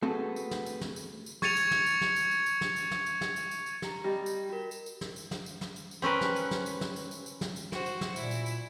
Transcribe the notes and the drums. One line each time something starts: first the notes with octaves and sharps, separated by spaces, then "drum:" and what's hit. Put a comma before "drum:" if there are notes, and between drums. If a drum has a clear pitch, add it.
A3 B3 C4 F#4 G#4 A4
drum: tambourine
drum: snare
drum: tambourine
drum: snare
drum: tambourine
drum: tambourine
C#6 G#6 A6 C#7 D#7 F7, drum: snare
drum: tambourine
drum: snare
drum: tambourine
drum: snare
drum: tambourine
drum: tambourine
drum: tambourine
drum: snare
drum: tambourine
drum: snare
drum: tambourine
drum: snare
drum: tambourine
drum: tambourine
drum: tambourine
G4 A#5, drum: snare
G3 D#5 G5 A#6
drum: tambourine
F#4 A#4
drum: tambourine
drum: tambourine
drum: snare
drum: tambourine
drum: snare
drum: tambourine
drum: snare
drum: tambourine
drum: tambourine
C4 C#4 A#4 B4
drum: snare
drum: tambourine
drum: snare
drum: tambourine
drum: snare
drum: tambourine
drum: tambourine
drum: tambourine
drum: snare
drum: tambourine
F#4 C5, drum: snare
drum: tambourine
drum: snare
A#2 E4, drum: tambourine
drum: tambourine
drum: tambourine